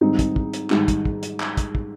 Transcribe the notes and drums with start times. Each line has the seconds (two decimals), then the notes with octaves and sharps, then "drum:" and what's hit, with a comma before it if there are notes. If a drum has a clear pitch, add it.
0.01 G#2 D#3 G3 C4 D#4
0.19 drum: kick, hi-hat
0.36 drum: kick
0.53 drum: hi-hat
0.70 G#2 D#3 G3, drum: clap
0.88 drum: kick, hi-hat
1.05 drum: kick
1.23 drum: hi-hat
1.40 drum: clap
1.57 drum: kick, hi-hat
1.75 drum: kick